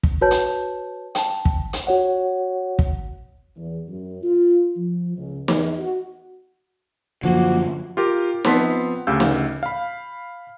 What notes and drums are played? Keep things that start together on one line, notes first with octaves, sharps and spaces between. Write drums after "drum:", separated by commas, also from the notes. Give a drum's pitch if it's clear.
drum: kick
F#4 B4 C#5 A5 G6
drum: hi-hat
G5 A5, drum: hi-hat
drum: kick
drum: hi-hat
F#4 C#5 F#5
drum: kick
E2
F#2
F4
F3
C#2
E2, drum: snare
F#4
F#2 D3 F3 A#3 F#4
F4 G4 A#4
F3 B3 C4 A5 C6 B6, drum: snare
D2 C#3 G4 F5 E6 G6
drum: snare
F5 B5